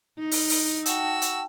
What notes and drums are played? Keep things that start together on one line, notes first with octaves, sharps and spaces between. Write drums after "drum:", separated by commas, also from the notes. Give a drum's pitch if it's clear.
D#4
drum: open hi-hat
drum: open hi-hat
F#4 G5 A5 E6, drum: hi-hat
drum: hi-hat